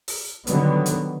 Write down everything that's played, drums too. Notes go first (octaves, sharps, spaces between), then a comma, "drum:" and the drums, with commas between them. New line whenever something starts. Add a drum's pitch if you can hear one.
drum: open hi-hat
D3 D#3 F#3 G3 B3, drum: hi-hat
drum: hi-hat